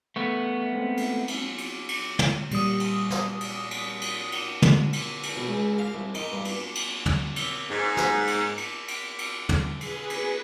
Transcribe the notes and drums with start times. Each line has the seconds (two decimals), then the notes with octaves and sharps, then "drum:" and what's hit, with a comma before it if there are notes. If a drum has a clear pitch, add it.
0.16 A3 B3 C#6
0.73 G#3 C4
0.97 drum: cymbal
1.28 drum: cymbal
1.58 drum: cymbal
1.89 drum: cymbal
2.19 drum: tom
2.51 A#2 G3 D#6, drum: cymbal
2.80 drum: cymbal
3.10 drum: snare
3.41 drum: cymbal
3.71 drum: cymbal
4.01 drum: cymbal
4.32 drum: cymbal
4.62 drum: tom
4.93 drum: cymbal
5.23 drum: cymbal
5.36 B2
5.48 C#2
5.78 F5
5.94 C2
6.14 D#3, drum: cymbal
6.32 G2
6.45 drum: cymbal
6.75 drum: cymbal
7.06 drum: tom
7.36 drum: cymbal
7.70 G#2
7.97 drum: snare
8.27 drum: cymbal
8.58 drum: cymbal
8.88 drum: cymbal
9.19 drum: cymbal
9.49 drum: tom
9.81 G#4 B4, drum: cymbal
10.10 drum: cymbal